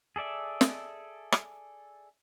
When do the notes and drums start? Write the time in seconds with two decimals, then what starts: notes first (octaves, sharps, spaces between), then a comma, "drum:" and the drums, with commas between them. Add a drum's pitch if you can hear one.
0.16 G#4 A4 D5 E5
0.61 drum: snare
1.32 drum: rim click